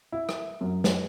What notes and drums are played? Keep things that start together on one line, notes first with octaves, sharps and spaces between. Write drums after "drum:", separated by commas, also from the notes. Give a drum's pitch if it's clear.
E4
drum: rim click
F#2
drum: snare